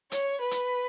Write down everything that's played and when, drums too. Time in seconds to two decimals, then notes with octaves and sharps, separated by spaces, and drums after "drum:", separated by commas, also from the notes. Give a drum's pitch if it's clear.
0.12 C#5, drum: hi-hat
0.41 B4
0.51 drum: hi-hat